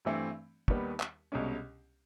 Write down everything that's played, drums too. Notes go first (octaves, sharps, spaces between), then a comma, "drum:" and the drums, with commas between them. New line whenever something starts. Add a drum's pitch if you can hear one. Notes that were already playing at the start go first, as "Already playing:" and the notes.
G2 E3 A3 C4 E4
D#2 D#3 G3 B3, drum: kick
drum: clap
C2 B2 G#3 C#4